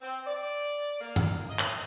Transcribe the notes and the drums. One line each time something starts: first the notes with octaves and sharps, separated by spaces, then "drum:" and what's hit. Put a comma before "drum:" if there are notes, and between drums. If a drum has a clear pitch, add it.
C4
D5
A#3
drum: tom
D#5
drum: clap